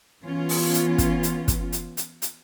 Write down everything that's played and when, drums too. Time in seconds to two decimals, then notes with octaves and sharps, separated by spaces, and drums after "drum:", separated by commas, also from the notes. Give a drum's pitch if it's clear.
0.24 E3 B3 C#4 F4
0.49 drum: open hi-hat
0.74 drum: hi-hat
0.98 drum: kick, hi-hat
1.23 drum: hi-hat
1.48 drum: kick, hi-hat
1.72 drum: hi-hat
1.97 drum: hi-hat
2.22 drum: hi-hat